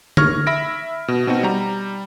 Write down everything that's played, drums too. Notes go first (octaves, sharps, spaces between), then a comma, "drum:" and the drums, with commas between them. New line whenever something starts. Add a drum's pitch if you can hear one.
C#6 F6 G#6 A#6, drum: tom D3
E5 B5 A#6 D7
B2
B2 C4 D#4 F#4
G3 A#5